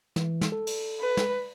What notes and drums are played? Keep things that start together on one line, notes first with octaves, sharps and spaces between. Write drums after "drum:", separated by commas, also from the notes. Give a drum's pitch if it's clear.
E3, drum: snare
drum: snare
A4
drum: cymbal
B4
drum: snare